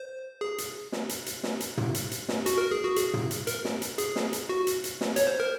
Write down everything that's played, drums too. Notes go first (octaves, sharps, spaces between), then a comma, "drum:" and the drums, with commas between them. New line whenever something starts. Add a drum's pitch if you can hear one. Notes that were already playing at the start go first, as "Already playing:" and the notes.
Already playing: C5
G#4
drum: hi-hat
drum: snare
drum: hi-hat
drum: hi-hat
drum: snare
drum: hi-hat
drum: tom
drum: hi-hat
drum: hi-hat
drum: snare
F#4, drum: hi-hat
A#4
G#4
F#4
G#4, drum: hi-hat
drum: tom
drum: hi-hat
A#4, drum: hi-hat
drum: snare
drum: hi-hat
G#4, drum: hi-hat
drum: snare
drum: hi-hat
F#4
drum: hi-hat
drum: hi-hat
drum: snare
C#5, drum: hi-hat
C5
A#4